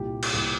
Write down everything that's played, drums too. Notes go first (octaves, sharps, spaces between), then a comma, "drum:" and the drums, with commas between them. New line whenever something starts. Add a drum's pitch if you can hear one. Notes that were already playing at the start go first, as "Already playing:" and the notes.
Already playing: C2 A#2 G4
drum: cymbal
C2 A#2